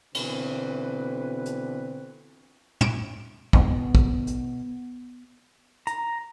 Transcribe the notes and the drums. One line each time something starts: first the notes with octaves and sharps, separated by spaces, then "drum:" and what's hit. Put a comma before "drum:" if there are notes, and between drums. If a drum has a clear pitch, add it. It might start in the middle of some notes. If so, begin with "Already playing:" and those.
B2 D3 E3 C4 B4, drum: cymbal
drum: hi-hat
D7 E7, drum: tom
F2 G#2 B2, drum: kick
drum: kick
drum: hi-hat
A#5, drum: hi-hat